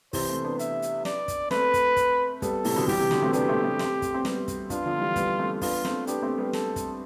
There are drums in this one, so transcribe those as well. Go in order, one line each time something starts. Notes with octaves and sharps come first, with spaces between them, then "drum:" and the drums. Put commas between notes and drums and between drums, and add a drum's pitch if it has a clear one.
C3 E3 C5, drum: kick, open hi-hat
A3 C4
B3 D4
E5, drum: hi-hat
drum: hi-hat
D5, drum: snare
drum: kick, hi-hat
A3 C4 B4, drum: snare
drum: kick, hi-hat
drum: kick, hi-hat
G3 B3 A4, drum: kick, hi-hat
A2 C3, drum: open hi-hat
B2 D3
E3 G3 G4, drum: kick, open hi-hat
C3 E3
B2 D3, drum: snare
A3 C4
B3 D4 G4, drum: hi-hat
A3 C4
A3 C4
A3 C4, drum: snare
drum: kick, hi-hat
C4
G3 B3, drum: snare
drum: kick, hi-hat
B3 D4 F4, drum: kick, hi-hat
D3 F3
E3 G3
G3 B3, drum: kick, hi-hat
A3 C4
B3 D4 F4, drum: kick, open hi-hat
A3 C4, drum: snare
B3 D4 G4, drum: hi-hat
A3 C4
G3 B3
A4, drum: snare
drum: kick, hi-hat